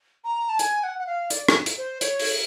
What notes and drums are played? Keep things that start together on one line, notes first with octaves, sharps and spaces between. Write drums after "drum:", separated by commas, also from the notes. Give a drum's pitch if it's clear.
A#5
A5
G#5, drum: hi-hat
F#5
F#5
F5
D5, drum: hi-hat
drum: rim click
drum: hi-hat
C5
C#5, drum: hi-hat
drum: open hi-hat